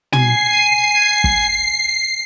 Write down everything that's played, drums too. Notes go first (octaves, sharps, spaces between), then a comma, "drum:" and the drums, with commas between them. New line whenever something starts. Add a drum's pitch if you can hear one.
G#5 C7, drum: tom
drum: kick